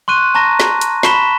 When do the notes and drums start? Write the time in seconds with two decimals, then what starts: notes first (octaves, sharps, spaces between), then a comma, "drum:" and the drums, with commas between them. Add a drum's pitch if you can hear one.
0.08 C6 C#6 F#6 D#7
0.35 A5 A#5 C#6 A#6
0.60 drum: snare
0.81 drum: hi-hat
1.03 A5 B5 C#6 B6 E7 G7, drum: snare